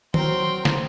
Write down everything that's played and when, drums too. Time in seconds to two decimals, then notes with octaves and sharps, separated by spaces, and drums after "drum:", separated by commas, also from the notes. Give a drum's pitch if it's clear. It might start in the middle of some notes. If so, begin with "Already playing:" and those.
0.14 F#3 C4 A#4 G5 C6, drum: tom D#3
0.65 drum: snare